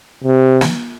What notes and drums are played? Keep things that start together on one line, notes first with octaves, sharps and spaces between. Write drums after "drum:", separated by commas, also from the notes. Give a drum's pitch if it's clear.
C3
drum: snare